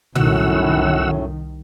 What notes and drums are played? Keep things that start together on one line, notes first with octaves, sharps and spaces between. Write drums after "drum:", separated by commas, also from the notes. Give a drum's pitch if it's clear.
C2 F#2 A2 D#3 F#4 F#5 E6, drum: tom A#2